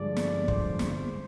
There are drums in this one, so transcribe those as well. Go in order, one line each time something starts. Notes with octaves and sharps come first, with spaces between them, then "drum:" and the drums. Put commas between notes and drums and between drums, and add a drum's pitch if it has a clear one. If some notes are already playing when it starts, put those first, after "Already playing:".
Already playing: G2 D3 F3 G#3 D5
drum: snare
C5, drum: kick
drum: snare